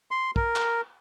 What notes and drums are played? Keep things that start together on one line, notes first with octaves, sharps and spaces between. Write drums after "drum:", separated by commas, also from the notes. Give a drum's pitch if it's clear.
C6
A#4, drum: kick
drum: clap